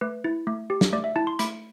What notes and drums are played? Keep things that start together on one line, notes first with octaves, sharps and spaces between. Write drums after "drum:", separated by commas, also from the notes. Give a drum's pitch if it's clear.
A3 B4
E4
A3
G4
drum: snare
A3 D5
E5
E4 A5
C6
A3 B5, drum: hi-hat